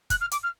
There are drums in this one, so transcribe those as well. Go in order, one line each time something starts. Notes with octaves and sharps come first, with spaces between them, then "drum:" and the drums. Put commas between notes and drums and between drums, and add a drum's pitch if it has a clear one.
F#6, drum: kick, hi-hat
F6
D6, drum: hi-hat
F6